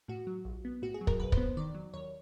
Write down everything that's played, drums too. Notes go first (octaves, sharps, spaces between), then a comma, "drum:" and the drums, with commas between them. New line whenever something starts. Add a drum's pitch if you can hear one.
A2 F#4
F#3
A#1
B3
A2 F#4
G#4
F#3
A#4, drum: kick
A#1 B4
C5, drum: kick
B3
D#3 D5
F#3
D#2 C#5